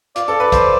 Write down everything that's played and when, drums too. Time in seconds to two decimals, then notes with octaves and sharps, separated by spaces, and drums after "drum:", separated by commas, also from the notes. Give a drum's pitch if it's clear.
0.16 F4 D5, drum: hi-hat
0.28 A4
0.40 B4
0.52 C5, drum: kick, hi-hat